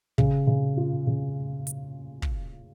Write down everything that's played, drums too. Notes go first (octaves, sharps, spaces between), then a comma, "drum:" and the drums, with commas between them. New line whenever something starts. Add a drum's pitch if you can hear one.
C#3, drum: kick
C#3
F4
C#3
drum: hi-hat
drum: kick